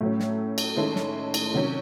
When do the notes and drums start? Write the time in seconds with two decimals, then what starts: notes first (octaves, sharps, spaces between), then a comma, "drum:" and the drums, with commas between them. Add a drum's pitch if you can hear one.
0.01 A2 F#3 A3 C#4
0.20 drum: snare
0.58 drum: cymbal
0.76 D#3 G#3 C#4 E4 A4
0.96 drum: snare
1.34 drum: cymbal
1.53 C3 D#3 F#3 C#4